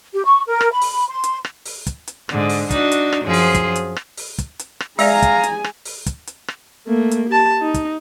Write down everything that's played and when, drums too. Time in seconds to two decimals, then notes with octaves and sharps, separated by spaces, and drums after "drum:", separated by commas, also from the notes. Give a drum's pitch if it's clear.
0.12 G4
0.26 C#6
0.48 A#4
0.61 drum: rim click
0.72 B5
0.82 drum: open hi-hat
1.08 C6
1.24 drum: hi-hat
1.45 drum: rim click
1.66 drum: open hi-hat
1.87 drum: kick, hi-hat
2.08 drum: hi-hat
2.29 G#2 D3, drum: rim click
2.50 drum: open hi-hat
2.71 D4 D#4 F#4, drum: kick, hi-hat
2.92 drum: hi-hat
3.13 drum: rim click
3.24 F#2 F3 G#4
3.34 drum: open hi-hat
3.54 drum: kick, hi-hat
3.75 drum: hi-hat
3.96 drum: rim click
4.17 drum: open hi-hat
4.38 drum: kick, hi-hat
4.59 drum: hi-hat
4.80 drum: rim click
4.99 G#3 G#4 D5 E5 F5 G#5 A#5, drum: open hi-hat
5.22 drum: kick, hi-hat
5.43 drum: hi-hat
5.64 drum: rim click
5.85 drum: open hi-hat
6.06 drum: kick, hi-hat
6.27 drum: hi-hat
6.48 drum: rim click
6.86 A3 A#3
7.11 drum: hi-hat
7.29 G4 A5
7.61 D#4
7.74 drum: kick, hi-hat